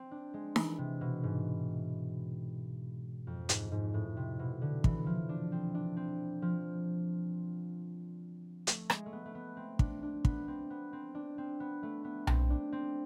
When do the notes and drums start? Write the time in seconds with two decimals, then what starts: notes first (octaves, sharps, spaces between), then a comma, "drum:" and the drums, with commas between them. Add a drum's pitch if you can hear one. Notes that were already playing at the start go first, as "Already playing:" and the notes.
Already playing: C4
0.11 D4
0.34 G#3
0.56 E3, drum: snare D#4
0.78 C3
1.01 B2
1.23 G#2
3.27 F2
3.49 G#2, drum: hi-hat
3.72 G#2
3.94 A2
4.17 C3
4.39 B2
4.61 D3
4.84 E3, drum: kick
5.06 F3
5.29 D4
5.52 C4
5.75 D4
5.97 C4
6.42 F3
8.67 A3, drum: hi-hat
8.90 G#3, drum: rim click
9.06 A3
9.13 B3
9.25 A3
9.35 B3
9.57 C4
9.79 D4, drum: kick
10.03 D4
10.25 B3, drum: kick
10.48 C4
10.70 B3
10.93 C4
11.15 D4
11.38 C4
11.60 B3
11.83 A3
12.05 B3
12.27 C4, drum: tom B1
12.50 D4
12.72 C4